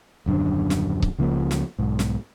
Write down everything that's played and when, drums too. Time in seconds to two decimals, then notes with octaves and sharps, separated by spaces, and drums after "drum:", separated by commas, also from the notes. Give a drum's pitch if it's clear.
0.26 D#1 F#2 D3 D4
0.70 drum: snare
1.02 drum: kick C#1
1.18 C#2 C#3 F3 A#3
1.51 drum: snare
1.79 B1 G#2
1.99 drum: snare